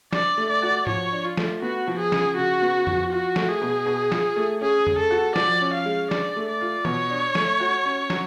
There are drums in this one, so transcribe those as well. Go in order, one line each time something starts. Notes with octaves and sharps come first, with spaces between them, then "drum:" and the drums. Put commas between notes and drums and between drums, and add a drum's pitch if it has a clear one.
D4 D5, drum: snare
A3
D5
F#4
F3 C#5, drum: tom G#2
D4
F4
A3, drum: snare
B3 F#4
F3
G#4
C#3, drum: snare
C#3 F#4
B3
F3, drum: tom F2
F4 F#4
A3, drum: snare
G#4
B2
B2
F4, drum: snare
A3
C#4 G#4
G#3, drum: tom F2
A4
F#4
F3 D5, drum: snare
C#4
F5
G#3
D4 D5, drum: snare
A3
D5
F4
B2 C#5, drum: tom E3
D4
A3, drum: snare
F#4
C#4
F#3, drum: snare